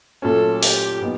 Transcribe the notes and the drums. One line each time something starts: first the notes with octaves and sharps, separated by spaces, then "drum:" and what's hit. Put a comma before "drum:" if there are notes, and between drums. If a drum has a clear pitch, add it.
A#2 F#3 A3 C#4 A4
G4, drum: open hi-hat
A#2 F#3 B3 D#4